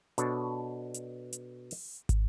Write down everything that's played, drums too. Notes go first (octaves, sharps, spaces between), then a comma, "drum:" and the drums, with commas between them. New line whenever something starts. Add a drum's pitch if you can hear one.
B2 D4 A4 C#5, drum: hi-hat
drum: hi-hat
drum: hi-hat
drum: open hi-hat
drum: kick, hi-hat